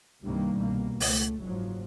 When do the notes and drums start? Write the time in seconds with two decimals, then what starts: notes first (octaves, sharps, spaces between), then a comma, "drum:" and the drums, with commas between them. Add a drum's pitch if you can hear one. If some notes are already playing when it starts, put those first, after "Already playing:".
0.23 C2 G2 C3 D#3 G3 A#3
0.58 C2 B2 A#3
1.00 C#2 A3, drum: open hi-hat
1.42 F#1 G#2 F3 F#3